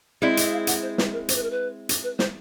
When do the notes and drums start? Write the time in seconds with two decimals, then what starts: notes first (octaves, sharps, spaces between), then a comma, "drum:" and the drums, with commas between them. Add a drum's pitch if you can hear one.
0.22 G#3 C4 E4 D5
0.37 D#5, drum: hi-hat
0.44 E5
0.52 F5
0.67 F#5, drum: hi-hat
0.82 C5
0.98 B4, drum: snare
1.13 A#4
1.29 C5, drum: hi-hat
1.36 B4
1.43 A#4
1.51 B4
1.89 drum: hi-hat
2.04 B4
2.19 C5, drum: snare